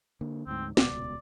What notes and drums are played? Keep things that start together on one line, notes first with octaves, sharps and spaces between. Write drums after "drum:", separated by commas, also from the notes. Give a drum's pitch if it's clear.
D3 A#3
D2 G#2 C4
D#1 C#2 B2 D5, drum: snare